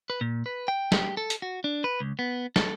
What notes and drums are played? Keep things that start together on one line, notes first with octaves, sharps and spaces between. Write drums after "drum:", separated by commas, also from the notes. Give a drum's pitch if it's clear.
B4
A#2
B4
G5
G4, drum: snare
A4
drum: hi-hat
F#4
D4
B4
C#2
B3
A4, drum: snare